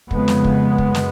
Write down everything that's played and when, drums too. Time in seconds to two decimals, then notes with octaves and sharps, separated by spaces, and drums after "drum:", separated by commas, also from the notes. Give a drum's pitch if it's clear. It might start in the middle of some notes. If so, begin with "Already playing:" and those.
0.11 F2 C#3 G#3 B3, drum: kick
0.28 drum: snare
0.44 drum: kick
0.78 F#2, drum: kick
0.95 drum: snare